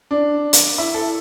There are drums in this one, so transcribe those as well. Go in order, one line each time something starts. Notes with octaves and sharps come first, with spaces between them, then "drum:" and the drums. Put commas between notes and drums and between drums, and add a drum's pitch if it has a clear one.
D4
drum: hi-hat
E4
A4